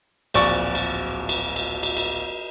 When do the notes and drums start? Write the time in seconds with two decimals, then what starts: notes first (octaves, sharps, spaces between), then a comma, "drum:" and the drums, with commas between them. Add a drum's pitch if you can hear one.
0.34 D1 A#1 D5 C#6, drum: cymbal
0.75 drum: cymbal
1.29 drum: cymbal
1.56 drum: cymbal
1.83 drum: cymbal
1.97 drum: cymbal